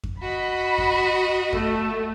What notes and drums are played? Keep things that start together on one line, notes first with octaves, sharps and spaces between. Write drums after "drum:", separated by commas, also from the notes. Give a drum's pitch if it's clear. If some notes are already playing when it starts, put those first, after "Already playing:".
drum: kick F2
F#4 D#5 B5
drum: kick F2
A3, drum: kick F2